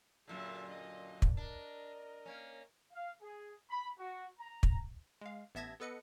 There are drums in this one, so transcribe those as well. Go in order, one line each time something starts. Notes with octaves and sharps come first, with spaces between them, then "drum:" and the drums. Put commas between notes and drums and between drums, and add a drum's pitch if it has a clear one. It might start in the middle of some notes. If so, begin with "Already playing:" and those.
F#2 A#2 D3 G#4 E5
D#5
drum: kick
D4 A#4 D#5
A#3 C#4
F5
G#4
B5
F#4
A#5
drum: kick
G#3 F5
A1 B3 E5 A5 G#6 A#6
B3 A4 B4 D#5 C#7